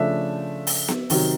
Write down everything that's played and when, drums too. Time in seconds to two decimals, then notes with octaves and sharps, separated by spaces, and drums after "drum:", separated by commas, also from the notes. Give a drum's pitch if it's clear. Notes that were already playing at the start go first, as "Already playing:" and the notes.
Already playing: C#3 F3 A3 D4 E5
0.67 drum: open hi-hat
0.88 drum: snare B3
1.10 C3 D#3 F#3, drum: open hi-hat